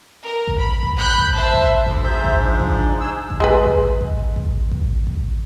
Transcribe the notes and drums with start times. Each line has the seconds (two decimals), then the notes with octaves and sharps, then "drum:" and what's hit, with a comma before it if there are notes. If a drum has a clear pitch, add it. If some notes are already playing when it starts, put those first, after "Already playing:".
0.23 A#4
0.47 drum: kick A1
0.58 B5
0.83 drum: kick A1
0.96 B5 F#6 G6
1.18 drum: kick A1
1.36 C5 E5 A5
1.53 drum: kick A1
1.87 D2, drum: kick A1
2.04 G#2 C5 E5 G6
2.24 drum: kick A1
2.42 F3 D4
2.59 drum: kick A1
3.00 G#4 E6
3.30 drum: kick A1
3.40 G#3 G#4 B4
3.66 drum: kick A1
4.01 drum: kick A1
4.36 drum: kick A1
4.72 drum: kick A1
5.07 drum: kick A1